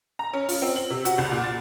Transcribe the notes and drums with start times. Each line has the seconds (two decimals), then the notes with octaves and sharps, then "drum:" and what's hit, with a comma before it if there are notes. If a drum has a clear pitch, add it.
0.19 A#5
0.33 C#4
0.49 F4, drum: open hi-hat
0.62 C4
0.76 F#7
0.90 C3
1.05 F#4, drum: hi-hat
1.18 C2
1.31 A#2
1.44 A6